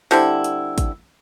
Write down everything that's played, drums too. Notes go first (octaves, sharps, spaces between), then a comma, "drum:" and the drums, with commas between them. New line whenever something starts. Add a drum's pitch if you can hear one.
D3 G3 C4 E4, drum: open hi-hat
drum: hi-hat
drum: kick, hi-hat